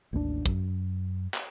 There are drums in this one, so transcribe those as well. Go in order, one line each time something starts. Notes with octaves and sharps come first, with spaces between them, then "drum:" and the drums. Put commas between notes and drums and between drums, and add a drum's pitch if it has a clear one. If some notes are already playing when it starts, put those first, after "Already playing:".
A1 D#2 G3 D4
F#2, drum: kick
drum: clap